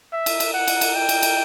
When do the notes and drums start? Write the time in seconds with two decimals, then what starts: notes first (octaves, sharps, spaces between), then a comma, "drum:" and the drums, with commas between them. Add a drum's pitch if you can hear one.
0.13 E5
0.26 drum: cymbal
0.40 drum: cymbal
0.54 F#5
0.68 drum: cymbal
0.81 drum: cymbal
0.95 G5
1.09 drum: cymbal
1.22 drum: cymbal